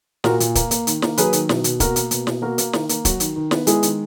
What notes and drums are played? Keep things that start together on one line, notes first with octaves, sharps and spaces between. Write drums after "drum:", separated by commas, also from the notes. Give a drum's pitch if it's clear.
A#2 F#4 A#4, drum: snare
A#2, drum: hi-hat
A#3, drum: kick, hi-hat
A#3, drum: hi-hat
D#3, drum: hi-hat
A#3, drum: snare
F#3 G#4 B4, drum: hi-hat
D#3, drum: hi-hat
B2, drum: snare
B2, drum: hi-hat
A#3 F#4 A#4, drum: kick, hi-hat
A#3, drum: hi-hat
B2, drum: hi-hat
B2, drum: snare
A#3 F#4 A#4
A#3, drum: hi-hat
D#3, drum: snare
A#3, drum: hi-hat
F#3 F#4, drum: kick, hi-hat
D#3, drum: hi-hat
D#3
B3, drum: snare
G#3 E4 G#4, drum: hi-hat
D#3, drum: hi-hat